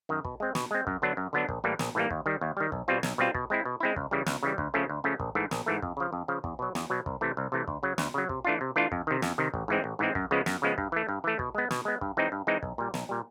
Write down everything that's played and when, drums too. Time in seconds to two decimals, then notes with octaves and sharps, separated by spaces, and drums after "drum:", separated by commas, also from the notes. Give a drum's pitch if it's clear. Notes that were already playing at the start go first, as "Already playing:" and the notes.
0.09 F#2 D#3
0.25 B2, drum: kick
0.40 G#3 C4
0.55 B2, drum: snare
0.71 G#3 C4
0.87 F#2, drum: kick
1.02 D3 F#3 B3 D4
1.17 F#2
1.33 D3 F#3 B3 D4
1.49 A#1, drum: kick
1.64 A2 E3 G3 A#3
1.79 A#1, drum: snare
1.95 A2 E3 G3 A#3
2.11 D#2, drum: kick
2.26 D#3 G3
2.41 D#2
2.57 D#3 G3
2.72 B1, drum: kick
2.88 B2 G3 C4 F4
3.03 B1, drum: snare
3.18 B2 G3 C4 F4
3.35 B2, drum: kick
3.50 G#3 C4 E4
3.65 B2
3.80 G#3 C4 E4
3.96 C#2, drum: kick
4.11 C#3 E3 G3
4.26 C#2, drum: snare
4.43 C#3 E3 G3
4.58 D2, drum: kick
4.74 C#3 F3 A3 C#4
4.89 D2
5.04 C#3 F3 A3 C#4
5.20 A#1, drum: kick
5.35 G#2 E3 A3
5.51 A#1, drum: snare
5.66 G#2 E3 A3
5.82 F2, drum: kick
5.97 C#3 F3
6.13 F2
6.28 C#3 F3
6.44 E2, drum: kick
6.59 B2 F#3
6.75 E2, drum: snare
6.90 B2 F#3
7.06 C2, drum: kick
7.21 C3 E3 A3
7.37 C2
7.52 C3 E3 A3
7.68 D2, drum: kick
7.83 C#3 F#3
7.98 D2, drum: snare
8.14 C#3 F#3
8.29 C3, drum: kick
8.45 E3 A3 D4 F4
8.61 C3
8.76 E3 A3 D4 F4
8.92 F2, drum: kick
9.07 C3 D#3
9.22 F2, drum: snare
9.38 C3 D#3
9.54 A1, drum: kick
9.68 G#2 E3 G#3 C4
9.84 A1
9.99 G#2 E3 G#3 C4
10.15 F#2, drum: kick
10.31 C#3 F3 G#3 B3
10.46 F#2, drum: snare
10.62 C#3 F3 G#3 B3
10.78 G2, drum: kick
10.92 E3 A3
11.09 G2
11.24 E3 A3
11.39 B2, drum: kick
11.55 G#3 B3
11.71 B2, drum: snare
11.85 G#3 B3
12.01 G2, drum: kick
12.17 E3 G#3 C4 D#4
12.32 G2
12.47 E3 G#3 C4 D#4
12.63 B1, drum: kick
12.78 A#2 G3
12.94 B1, drum: snare
13.09 A#2 G3